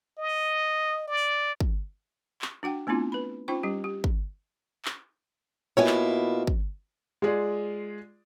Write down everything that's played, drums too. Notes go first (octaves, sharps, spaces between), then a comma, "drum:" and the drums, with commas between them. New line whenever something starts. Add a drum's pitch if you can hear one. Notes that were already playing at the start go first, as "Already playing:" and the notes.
D#5
D5
drum: kick
drum: clap
D4 F#4 F#5 G5
A3 B3 C4 D4 E4 F4
B4 B5
C#4 D#4 F4 C5 G5 C#6
G3 C#4 G4
G4
drum: kick
drum: clap
B2 A#3 E4 F4 C#5 G#5
drum: clap
drum: kick
G#3 F4 G#4 D5